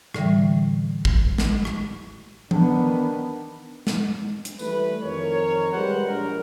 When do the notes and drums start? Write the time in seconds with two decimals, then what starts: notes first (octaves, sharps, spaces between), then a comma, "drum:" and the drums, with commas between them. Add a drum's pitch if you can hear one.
0.14 A2 D3 E3 G3, drum: rim click
1.05 drum: kick
1.38 drum: snare
1.65 drum: rim click
2.51 D#3 B3 D4, drum: tom E3
3.87 drum: snare
4.45 drum: hi-hat
4.59 E3 G3 A3 B4, drum: tambourine
5.03 F2 D#3 A#4 C#5
5.73 G3 G#3 G4 B4 C5 F#5
6.07 A#1 A#4